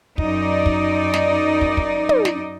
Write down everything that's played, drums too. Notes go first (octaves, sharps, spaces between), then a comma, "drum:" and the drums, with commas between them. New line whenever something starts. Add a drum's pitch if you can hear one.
F#2 D#4 D5, drum: kick
drum: kick
drum: snare
drum: kick
drum: kick
drum: tom
drum: snare